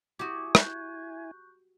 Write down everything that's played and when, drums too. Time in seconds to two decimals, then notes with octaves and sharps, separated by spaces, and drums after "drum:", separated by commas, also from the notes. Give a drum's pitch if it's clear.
0.19 E4 F#4 G4 G#5 D6 D#6
0.55 C#6 F#6 G6, drum: rim click